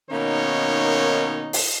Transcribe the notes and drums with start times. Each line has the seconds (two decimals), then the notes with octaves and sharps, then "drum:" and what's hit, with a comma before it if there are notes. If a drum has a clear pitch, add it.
0.10 B2 D#3 A#3 C#4 D#4 C#5
1.53 drum: open hi-hat